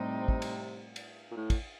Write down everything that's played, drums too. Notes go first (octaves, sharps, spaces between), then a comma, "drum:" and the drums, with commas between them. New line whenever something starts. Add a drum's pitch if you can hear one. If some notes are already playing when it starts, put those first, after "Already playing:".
Already playing: A2 C3 G3 C4 D#4
drum: kick
drum: cymbal
drum: cymbal
A#2
A2
drum: kick, cymbal